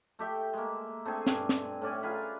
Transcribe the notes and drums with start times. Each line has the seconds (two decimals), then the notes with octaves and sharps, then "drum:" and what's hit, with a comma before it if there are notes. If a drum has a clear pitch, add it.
0.19 A3 G4 E5 G5
0.53 G#3 A#3
1.05 A3 C4 D4 G#4
1.27 G2 G#5, drum: snare
1.49 drum: snare
1.81 A2 C#4 D5 G#5
2.03 F4 G#4 A#4 B4